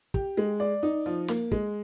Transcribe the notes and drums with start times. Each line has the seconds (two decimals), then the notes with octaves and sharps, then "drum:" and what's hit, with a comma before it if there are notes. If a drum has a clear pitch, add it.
0.14 G4, drum: kick
0.37 G#3
0.60 D5
0.83 D#4
1.06 F3
1.28 A#3, drum: snare
1.52 G#3, drum: kick